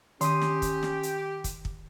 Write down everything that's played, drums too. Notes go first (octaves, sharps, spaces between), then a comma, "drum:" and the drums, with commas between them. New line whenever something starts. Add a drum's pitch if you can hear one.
D#3 C#4 G4 C6 D#6, drum: hi-hat
drum: snare
drum: kick, hi-hat
drum: snare
drum: hi-hat
drum: kick, hi-hat
drum: kick